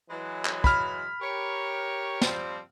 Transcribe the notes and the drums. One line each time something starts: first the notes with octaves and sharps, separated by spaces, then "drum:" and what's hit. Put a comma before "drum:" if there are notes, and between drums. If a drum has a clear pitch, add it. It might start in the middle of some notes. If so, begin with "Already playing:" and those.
E3 F#3 G#3
drum: clap
B5 F6, drum: kick
G4 A#4 C#5
F3 G3 C4, drum: snare